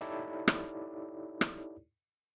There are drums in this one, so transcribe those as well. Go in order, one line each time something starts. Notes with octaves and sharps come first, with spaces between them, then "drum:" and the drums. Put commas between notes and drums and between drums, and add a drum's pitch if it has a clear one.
D#4 E4 G4 A4 C#5 D5
drum: rim click
drum: rim click